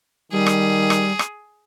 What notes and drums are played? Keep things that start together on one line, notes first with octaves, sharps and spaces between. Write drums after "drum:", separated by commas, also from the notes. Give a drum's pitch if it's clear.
D#3 G3 G#4
drum: rim click
drum: rim click
drum: rim click